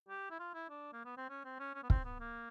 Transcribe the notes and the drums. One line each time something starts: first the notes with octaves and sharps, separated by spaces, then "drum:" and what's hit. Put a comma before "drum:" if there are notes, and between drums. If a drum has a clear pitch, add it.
G4
E4
F4
E4
D4
A#3
B3
C4
C#4
C4
C#4
C#4
B3
C4, drum: kick
B3
A#3